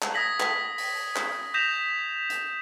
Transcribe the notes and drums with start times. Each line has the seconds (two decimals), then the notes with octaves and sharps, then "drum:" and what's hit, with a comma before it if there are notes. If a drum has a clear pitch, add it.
0.02 drum: clap
0.14 D#6 G#6 A#6 B6 F#7
0.40 drum: clap
0.78 drum: open hi-hat
1.16 drum: clap
1.54 D#6 G6 A#6 B6 E7 F7
2.30 drum: hi-hat